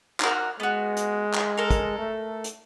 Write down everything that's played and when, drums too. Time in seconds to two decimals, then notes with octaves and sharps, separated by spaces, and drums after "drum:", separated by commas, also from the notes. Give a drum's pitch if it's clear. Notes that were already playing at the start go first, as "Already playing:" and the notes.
0.20 D#4 F#4 A#4, drum: clap
0.60 G#3 B3 F#4
0.97 drum: hi-hat
1.34 drum: clap
1.57 A4 A#4
1.70 drum: kick, hi-hat
1.99 A3
2.44 drum: hi-hat